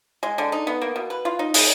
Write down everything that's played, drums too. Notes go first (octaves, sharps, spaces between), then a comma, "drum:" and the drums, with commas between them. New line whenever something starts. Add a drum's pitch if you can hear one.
G#3
D3
D#4
B3
A#3
B2
B4
F4
D#4
G#3, drum: open hi-hat